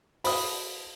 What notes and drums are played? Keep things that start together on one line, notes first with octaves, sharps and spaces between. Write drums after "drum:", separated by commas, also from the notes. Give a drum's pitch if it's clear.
F#4 C5 G5 B5 D#6, drum: open hi-hat